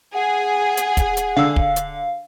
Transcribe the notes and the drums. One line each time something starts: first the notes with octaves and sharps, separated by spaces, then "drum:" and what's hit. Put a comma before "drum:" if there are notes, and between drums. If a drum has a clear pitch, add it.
G#4 F#5
drum: hi-hat
drum: kick, hi-hat
drum: hi-hat
D3 F5 E6
drum: kick
drum: hi-hat